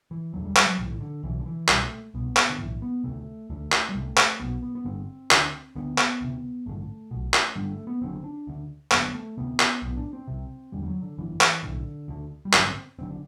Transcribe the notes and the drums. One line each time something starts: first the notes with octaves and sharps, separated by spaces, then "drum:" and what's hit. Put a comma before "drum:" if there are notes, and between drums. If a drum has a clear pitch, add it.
E3
E1 D2 D3 F#3
G3
G3, drum: clap
F#3
B1 A2 E3
D3
B1 B2 E3
D3
E3
C2 B2 G3, drum: clap
A3
C2 B2 B3
drum: clap
D3
B1 A2 E3
B3
D2 C3 A3
D2 D3 A3
drum: clap
G3
C2 C3 A3
drum: clap
B1 B2 B3
B3
B3
G1 G2 D3 C4
D2 D3, drum: clap
D2 D3 B3
drum: clap
D2 C3
A1 G2 D3 A3
B1 B2
drum: clap
G1 G2 D3 G3
A3
B3
F#1 F#2 D3 C4
D4
D2 D3
F#1 F#2 D3 B3, drum: clap
A3
D2 C3 B3
drum: clap
B1 A2 B3
D4
C4
C2 C3
F#1 E2 D3 G3
G3
F#3
D3
G1 F#2 D3 E3
E3, drum: clap
B1 A2 D3
D2 D3
G3
A1 G2 D3 F#3, drum: clap
C4
F#1 F#2 D3 C4
D4